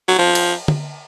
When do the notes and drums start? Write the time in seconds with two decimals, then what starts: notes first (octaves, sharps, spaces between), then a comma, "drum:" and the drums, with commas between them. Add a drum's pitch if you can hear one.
0.08 F#3
0.18 F3
0.35 drum: cymbal
0.68 drum: tom